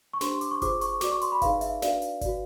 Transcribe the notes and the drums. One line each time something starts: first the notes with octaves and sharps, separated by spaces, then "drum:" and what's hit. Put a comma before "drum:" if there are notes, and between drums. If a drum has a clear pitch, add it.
C#6
D4 G4 C5 C6, drum: snare
C6
D6, drum: hi-hat
C#6
F4 G#4 C5 D6, drum: kick G1, hi-hat
C#6, drum: hi-hat
F#4 B4 D5 D6, drum: snare
C#6
C6, drum: hi-hat
B5
D#4 G#4 B4 D5 F5, drum: kick G1, hi-hat
E5, drum: hi-hat
D4 F#4 B4 D5 F5, drum: snare
drum: hi-hat
F#4 B4 D5, drum: kick G1, hi-hat